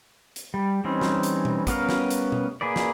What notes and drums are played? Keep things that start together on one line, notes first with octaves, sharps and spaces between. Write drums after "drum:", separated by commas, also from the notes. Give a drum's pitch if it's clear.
drum: hi-hat
G3
E3 G3 C4 C#4 D#4
drum: snare
drum: hi-hat
drum: tom B2
G3 B3 C#4 A#4 F5, drum: kick, hi-hat
drum: snare
drum: hi-hat
drum: tom B2
A#3 G#4 B4 D5
drum: snare